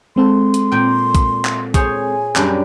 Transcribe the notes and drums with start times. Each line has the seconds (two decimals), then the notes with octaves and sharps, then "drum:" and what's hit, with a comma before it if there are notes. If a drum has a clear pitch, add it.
0.16 G#3 C4 A4 C6
0.54 drum: hi-hat
0.72 A#2 G5
1.15 drum: kick B1, hi-hat
1.45 drum: clap
1.74 G#4 C5 C#5 G#5, drum: kick B1, hi-hat
2.36 F#2 G3 D4, drum: clap